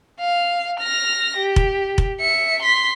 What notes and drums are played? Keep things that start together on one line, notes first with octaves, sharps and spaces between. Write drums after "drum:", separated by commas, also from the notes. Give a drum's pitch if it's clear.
F5
F6 A#6
G4
drum: kick F1
drum: kick F1
E5 C#7
C6 B6